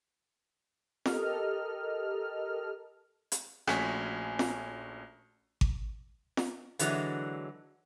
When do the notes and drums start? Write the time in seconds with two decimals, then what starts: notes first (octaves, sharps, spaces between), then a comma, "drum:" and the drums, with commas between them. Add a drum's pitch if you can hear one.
1.06 G4 A4 A#4 D#5 F6, drum: snare
3.32 drum: hi-hat
3.67 A#1 A3 C#4 F#4 G#5 B6, drum: rim click
4.39 drum: snare
5.61 drum: kick G#1
6.37 drum: snare
6.79 D3 E3 F#3 G#3, drum: hi-hat